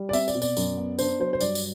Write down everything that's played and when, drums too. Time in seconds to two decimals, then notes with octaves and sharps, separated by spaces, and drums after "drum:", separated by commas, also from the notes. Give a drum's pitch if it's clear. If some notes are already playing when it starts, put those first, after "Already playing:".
Already playing: G3
0.09 D5
0.13 C4 E5, drum: tambourine
0.28 D5, drum: tambourine
0.35 B2
0.42 D5, drum: tambourine
0.57 F#2, drum: tambourine
0.77 B3
0.99 D4 C5, drum: tambourine
1.20 F#3 C5
1.33 C5
1.41 G2 D5, drum: tambourine
1.55 drum: tambourine